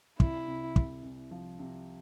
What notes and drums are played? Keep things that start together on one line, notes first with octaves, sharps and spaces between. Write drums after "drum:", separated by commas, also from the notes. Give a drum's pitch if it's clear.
C2 E4, drum: kick
C3
C2, drum: kick
C2
F3
C3